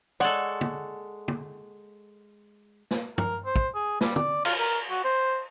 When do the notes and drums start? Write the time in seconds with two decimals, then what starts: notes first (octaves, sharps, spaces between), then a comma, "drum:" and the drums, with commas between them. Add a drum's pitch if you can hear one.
0.20 G#3 A4 C#5 D5 F#5
0.61 drum: tom
1.28 drum: tom
2.91 drum: snare
3.18 A#4, drum: tom
3.45 C5
3.56 drum: kick
3.75 G#4
4.01 G3, drum: snare
4.16 D5, drum: tom
4.45 F4, drum: cymbal
4.58 A#4
4.90 F#4
5.04 C5